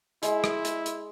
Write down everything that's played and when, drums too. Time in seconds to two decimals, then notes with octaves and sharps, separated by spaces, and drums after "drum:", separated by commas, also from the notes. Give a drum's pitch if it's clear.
0.23 G#3 E4, drum: hi-hat
0.44 drum: rim click
0.65 drum: hi-hat
0.86 drum: hi-hat